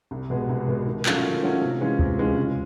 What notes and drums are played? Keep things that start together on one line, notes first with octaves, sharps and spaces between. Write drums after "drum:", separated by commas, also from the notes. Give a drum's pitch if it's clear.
C2
B2 G#3 B3
C2
B2 G#3 B3
D#3
F#3 A3 C#4 F4, drum: clap
D#3
F#3 A3 C#4 F4
C3
E3 G#3 C#4 F4
C3, drum: kick D2
E3 G#3 C#4 F4
C#3